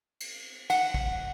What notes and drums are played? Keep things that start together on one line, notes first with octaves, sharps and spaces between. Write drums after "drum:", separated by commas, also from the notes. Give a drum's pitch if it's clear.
drum: cymbal
F#5, drum: cymbal
drum: kick